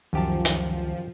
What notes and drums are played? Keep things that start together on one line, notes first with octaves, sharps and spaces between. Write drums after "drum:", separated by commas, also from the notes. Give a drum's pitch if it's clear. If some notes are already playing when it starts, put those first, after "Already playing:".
C#2 F#2 D#3 F3 G4 A5
drum: hi-hat